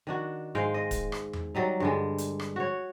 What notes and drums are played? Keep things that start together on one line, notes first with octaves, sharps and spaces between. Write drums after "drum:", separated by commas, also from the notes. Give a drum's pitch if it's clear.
D#3 D4 F#4
G#2 G#3 F5 G5
D#5
drum: kick, hi-hat
drum: rim click
drum: tom E2
F#3 G3 D#4
G2 D3 G#3
drum: hi-hat
drum: rim click
F#4 C#5